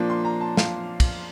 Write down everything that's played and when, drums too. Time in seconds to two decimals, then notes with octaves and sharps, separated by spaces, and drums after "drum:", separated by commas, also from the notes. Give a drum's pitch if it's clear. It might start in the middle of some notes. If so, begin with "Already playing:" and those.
Already playing: A#2 F3 A#3 D4
0.09 C6
0.25 A#5
0.41 A5
0.57 F5, drum: snare
1.00 drum: kick, cymbal